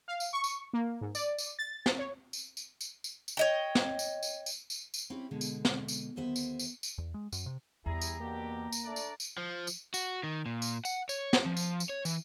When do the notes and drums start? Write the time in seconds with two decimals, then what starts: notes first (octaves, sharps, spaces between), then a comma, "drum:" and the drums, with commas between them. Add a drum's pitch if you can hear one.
0.08 F5
0.20 drum: tambourine
0.33 C#6
0.44 drum: tambourine
0.73 A#3
1.01 G#2
1.15 D5, drum: tambourine
1.38 drum: tambourine
1.59 A6
1.86 drum: snare
1.99 C#5
2.33 drum: tambourine
2.57 drum: tambourine
2.81 drum: tambourine
3.04 drum: tambourine
3.28 drum: tambourine
3.37 C#5 D#5 G5
3.75 drum: snare
3.99 drum: tambourine
4.23 drum: tambourine
4.46 drum: tambourine
4.70 drum: tambourine
4.94 drum: tambourine
5.10 C4 C#4 E4 G4
5.31 B2 D3 G#3
5.41 drum: tambourine
5.65 drum: snare
5.88 drum: tambourine
6.16 D#2 D3 B3 C5 E5
6.36 drum: tambourine
6.59 drum: tambourine
6.83 drum: tambourine
6.98 E2
7.14 G#3
7.33 F#2, drum: tambourine
7.46 C3
7.86 E2 G3 E4 G#4 A#5
8.01 drum: tambourine
8.20 B2 D3 A#3 G4
8.72 drum: tambourine
8.84 A3 D4 D5
8.96 drum: tambourine
9.20 drum: tambourine
9.38 F3
9.67 drum: tambourine
9.94 F#4, drum: tambourine
10.23 D#3
10.46 A#2
10.62 drum: tambourine
10.85 F#5, drum: tambourine
11.09 C#5, drum: tambourine
11.33 drum: snare
11.46 F3
11.57 drum: tambourine
11.80 drum: tambourine
11.90 C#5
12.05 E3, drum: tambourine